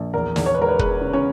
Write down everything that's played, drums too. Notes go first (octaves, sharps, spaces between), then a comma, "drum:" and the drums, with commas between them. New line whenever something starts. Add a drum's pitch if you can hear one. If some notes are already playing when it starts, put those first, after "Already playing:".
Already playing: A#1
E2 A#4
E2, drum: snare
C#5
B4
G#3 A#4
B4
G#3 B4, drum: kick
C#3
C#4 C#5